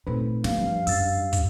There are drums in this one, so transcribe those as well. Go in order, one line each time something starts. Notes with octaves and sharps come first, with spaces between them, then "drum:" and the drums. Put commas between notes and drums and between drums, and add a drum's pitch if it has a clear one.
A#2 A3 C4 D#4 B4
G2 F3 F5, drum: snare
F#2 E6 A6, drum: open hi-hat
drum: kick, hi-hat